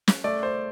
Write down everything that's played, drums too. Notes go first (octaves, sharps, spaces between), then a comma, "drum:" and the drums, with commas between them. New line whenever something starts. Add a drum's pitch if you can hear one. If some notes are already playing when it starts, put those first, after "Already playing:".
drum: snare
A3 D5
C5